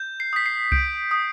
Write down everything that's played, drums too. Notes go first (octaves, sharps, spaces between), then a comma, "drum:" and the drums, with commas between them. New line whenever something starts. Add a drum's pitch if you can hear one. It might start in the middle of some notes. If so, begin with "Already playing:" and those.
Already playing: G6
C7
D#6 B6
C7
G6 D7, drum: kick C2
D#6